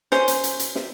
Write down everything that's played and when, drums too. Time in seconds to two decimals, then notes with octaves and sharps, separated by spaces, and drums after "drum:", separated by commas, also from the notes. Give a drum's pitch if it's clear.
0.12 C#4 C5, drum: snare
0.28 drum: hi-hat
0.44 drum: hi-hat
0.59 drum: hi-hat
0.75 drum: snare